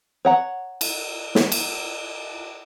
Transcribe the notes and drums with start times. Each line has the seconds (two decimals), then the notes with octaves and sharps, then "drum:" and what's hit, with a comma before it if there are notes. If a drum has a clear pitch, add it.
0.25 C#5 F#5 A#5
0.81 drum: cymbal
1.35 drum: snare
1.52 drum: cymbal